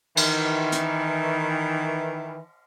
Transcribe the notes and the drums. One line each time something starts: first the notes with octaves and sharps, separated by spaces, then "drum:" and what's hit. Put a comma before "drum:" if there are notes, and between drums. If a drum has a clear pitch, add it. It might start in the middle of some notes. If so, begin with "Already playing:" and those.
D#3 E3, drum: cymbal
drum: hi-hat